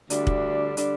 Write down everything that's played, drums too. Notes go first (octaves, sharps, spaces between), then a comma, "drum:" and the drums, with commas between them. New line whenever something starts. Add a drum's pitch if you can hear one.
D2 D3 G3 D4, drum: hi-hat
drum: kick
D3 G3 D4, drum: hi-hat